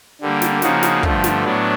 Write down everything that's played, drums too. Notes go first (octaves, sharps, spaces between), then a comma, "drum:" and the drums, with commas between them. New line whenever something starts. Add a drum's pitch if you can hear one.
D3 G3 A#3
drum: snare
C#3 F3 A#3 D#4 F#4, drum: snare
drum: snare
G2 D3 F3 A3, drum: kick
drum: snare
A2 F#3 B3 D4